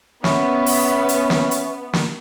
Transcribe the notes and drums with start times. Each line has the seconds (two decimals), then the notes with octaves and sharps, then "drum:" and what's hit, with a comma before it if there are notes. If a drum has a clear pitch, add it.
0.24 B3 C#4 E5, drum: snare
0.66 drum: open hi-hat
1.09 drum: hi-hat
1.30 drum: snare
1.51 drum: hi-hat
1.93 drum: snare